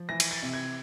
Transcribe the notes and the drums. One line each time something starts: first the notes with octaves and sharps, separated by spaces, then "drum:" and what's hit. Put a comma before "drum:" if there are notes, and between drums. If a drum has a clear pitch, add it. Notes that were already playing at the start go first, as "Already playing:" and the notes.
Already playing: F3
E3 A#6
drum: cymbal
A6
C3
G#6